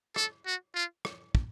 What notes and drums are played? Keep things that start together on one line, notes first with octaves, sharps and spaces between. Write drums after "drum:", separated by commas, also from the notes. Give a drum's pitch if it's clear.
A4, drum: rim click
F#4
F4
drum: rim click
drum: kick